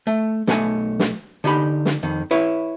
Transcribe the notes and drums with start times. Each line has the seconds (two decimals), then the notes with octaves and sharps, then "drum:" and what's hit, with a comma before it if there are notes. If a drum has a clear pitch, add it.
0.07 A3
0.47 B1 A3 G#5, drum: snare
1.00 drum: snare
1.44 D3 D#4 G4 B5
1.85 drum: snare
2.03 F2 D#3
2.31 E4 B4 C#5